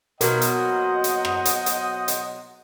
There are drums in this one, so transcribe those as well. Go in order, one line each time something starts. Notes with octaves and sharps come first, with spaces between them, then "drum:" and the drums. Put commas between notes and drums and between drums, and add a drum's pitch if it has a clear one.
B2 F#3 A#3 A#4 C5 D#5 F#5, drum: hi-hat
drum: hi-hat
drum: hi-hat
drum: rim click
drum: hi-hat
drum: hi-hat
drum: hi-hat